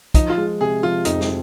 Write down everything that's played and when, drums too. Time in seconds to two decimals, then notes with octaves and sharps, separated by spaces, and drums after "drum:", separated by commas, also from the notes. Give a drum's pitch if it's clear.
0.14 F3 D#4, drum: kick, hi-hat
0.30 F4
0.38 G#3
0.61 C3 G#4
0.83 F3 F4
1.05 F2 D#4, drum: hi-hat
1.21 drum: snare